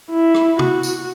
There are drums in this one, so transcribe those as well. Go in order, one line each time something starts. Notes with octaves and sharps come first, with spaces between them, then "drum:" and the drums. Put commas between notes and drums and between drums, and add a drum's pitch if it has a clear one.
E4
drum: rim click
F#4, drum: tom C3
drum: tambourine